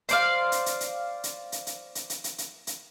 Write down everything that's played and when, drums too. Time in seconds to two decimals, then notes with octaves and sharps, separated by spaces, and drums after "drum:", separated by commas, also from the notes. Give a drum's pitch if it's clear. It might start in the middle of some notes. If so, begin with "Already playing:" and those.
0.09 C5 D5 F5, drum: hi-hat
0.52 drum: hi-hat
0.66 drum: hi-hat
0.80 drum: hi-hat
1.24 drum: hi-hat
1.52 drum: hi-hat
1.67 drum: hi-hat
1.95 drum: hi-hat
2.10 drum: hi-hat
2.24 drum: hi-hat
2.38 drum: hi-hat
2.67 drum: hi-hat